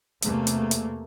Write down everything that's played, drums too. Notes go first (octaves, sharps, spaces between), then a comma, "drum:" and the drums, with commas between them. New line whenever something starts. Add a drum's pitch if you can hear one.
E2 C3 A3 A#3, drum: hi-hat
drum: hi-hat
drum: hi-hat